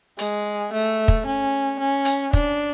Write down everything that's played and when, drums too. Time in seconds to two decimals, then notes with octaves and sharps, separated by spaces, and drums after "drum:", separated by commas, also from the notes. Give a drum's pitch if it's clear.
0.19 G#3, drum: hi-hat
0.73 A3
1.08 drum: kick
1.26 C#4
1.80 C#4
2.05 drum: hi-hat
2.33 D4, drum: kick